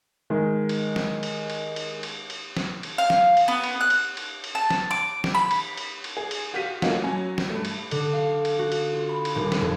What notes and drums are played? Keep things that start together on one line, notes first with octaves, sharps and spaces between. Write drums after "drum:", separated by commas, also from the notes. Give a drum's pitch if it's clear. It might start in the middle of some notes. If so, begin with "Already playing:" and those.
D#3 G#3
drum: cymbal
drum: snare
drum: cymbal
drum: cymbal
drum: cymbal
drum: cymbal
drum: cymbal
drum: snare
drum: cymbal
F5
drum: snare
drum: cymbal
B3
drum: cymbal
F#6
drum: cymbal
drum: cymbal
drum: cymbal
A5
drum: snare
D6
drum: snare
B5
drum: cymbal
drum: cymbal
drum: cymbal
G#4
drum: cymbal
F#4 G4 F5 B6 D#7
A3 A#3 C#4 D#4 F4 F#4, drum: snare
F#3 C#4 G#5
drum: snare
G2 A3
drum: cymbal
D3, drum: cymbal
F5
drum: cymbal
F#4
drum: cymbal
F4
B5
drum: cymbal
D#1
drum: snare
F2